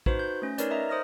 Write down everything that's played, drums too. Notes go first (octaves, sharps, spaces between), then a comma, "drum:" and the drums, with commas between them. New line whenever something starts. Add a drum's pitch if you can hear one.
D#4 F#4 B4 C5, drum: kick
G6
A3 C#4 A#6
D#4 A#4 B4 C#5 D5, drum: hi-hat
A#4 D#5 E5 A#5
C5 D#6 F6 A#6